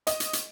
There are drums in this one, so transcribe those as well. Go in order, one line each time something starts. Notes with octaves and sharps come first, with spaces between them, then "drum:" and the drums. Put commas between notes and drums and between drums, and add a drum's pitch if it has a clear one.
D#5, drum: hi-hat
drum: hi-hat
drum: hi-hat